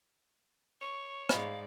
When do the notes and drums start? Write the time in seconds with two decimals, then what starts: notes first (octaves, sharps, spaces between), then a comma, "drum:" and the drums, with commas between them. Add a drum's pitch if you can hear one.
0.81 C#5 C#6
1.29 G#2 D5 D#5 F5 B5, drum: rim click